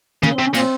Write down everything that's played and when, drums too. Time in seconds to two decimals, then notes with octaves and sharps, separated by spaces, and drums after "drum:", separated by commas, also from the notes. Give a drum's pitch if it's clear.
0.23 C#3 A#3, drum: tom
0.34 C4
0.39 C3
0.45 C#4
0.54 A#2 C4, drum: cymbal